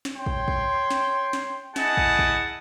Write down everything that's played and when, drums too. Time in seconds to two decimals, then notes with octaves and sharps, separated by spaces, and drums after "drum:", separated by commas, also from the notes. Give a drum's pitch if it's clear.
0.05 drum: snare
0.15 C#5 G5 C6
0.26 drum: kick
0.48 drum: kick
0.91 drum: snare
1.33 drum: snare
1.76 E4 G#4 D#5 F#5 A5, drum: snare
1.97 drum: kick
2.19 drum: kick